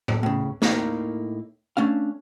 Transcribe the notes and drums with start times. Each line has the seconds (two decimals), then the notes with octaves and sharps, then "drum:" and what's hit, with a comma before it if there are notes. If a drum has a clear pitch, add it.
0.08 drum: tom A2
0.23 A2 C#3
0.62 A2 A#3 D#4 A#4 F5, drum: snare
1.77 A3 C#4 D4 F5